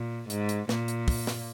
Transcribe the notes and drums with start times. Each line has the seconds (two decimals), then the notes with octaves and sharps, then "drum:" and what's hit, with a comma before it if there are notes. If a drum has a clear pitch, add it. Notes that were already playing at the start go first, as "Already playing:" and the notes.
Already playing: A#2
0.30 G#2, drum: hi-hat
0.49 drum: hi-hat
0.69 A#2, drum: snare
0.88 drum: hi-hat
1.08 drum: kick, open hi-hat
1.27 drum: snare